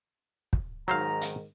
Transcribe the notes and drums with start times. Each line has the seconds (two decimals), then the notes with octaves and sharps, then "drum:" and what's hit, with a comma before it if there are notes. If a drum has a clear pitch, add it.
0.53 drum: kick
0.88 G#2 D#3 F#3 C5 F5 A#5
1.21 drum: hi-hat